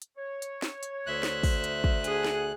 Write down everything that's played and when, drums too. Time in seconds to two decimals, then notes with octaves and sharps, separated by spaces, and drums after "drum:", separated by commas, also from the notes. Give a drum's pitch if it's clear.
0.02 drum: hi-hat
0.16 C#5
0.42 drum: hi-hat
0.62 drum: snare
0.83 drum: hi-hat
1.06 D2 C5 E5 F#6
1.23 drum: snare
1.43 drum: kick, open hi-hat
1.64 drum: hi-hat
1.84 drum: kick
2.04 D4 G#4 F#5, drum: hi-hat
2.25 drum: snare